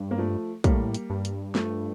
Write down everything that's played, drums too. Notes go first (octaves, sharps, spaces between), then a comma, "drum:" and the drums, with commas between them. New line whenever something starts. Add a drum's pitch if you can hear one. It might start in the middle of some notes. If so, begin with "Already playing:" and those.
Already playing: G2
A#3
F3 A3
A2 G3 A#3, drum: kick, hi-hat
drum: hi-hat
G2
drum: hi-hat
F3 A3, drum: snare